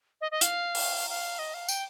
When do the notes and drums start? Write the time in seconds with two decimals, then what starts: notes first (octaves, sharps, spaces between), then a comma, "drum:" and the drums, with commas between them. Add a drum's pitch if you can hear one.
0.21 D#5
0.31 D#5
0.41 F5, drum: hi-hat
0.75 drum: open hi-hat
1.10 F5
1.39 D#5
1.54 F5
1.68 G5, drum: tambourine